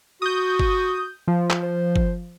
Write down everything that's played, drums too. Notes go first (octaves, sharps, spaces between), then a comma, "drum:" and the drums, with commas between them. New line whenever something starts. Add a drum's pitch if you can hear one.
F#4 D#6 G6
drum: kick G1
F3
drum: clap
C5
drum: kick G1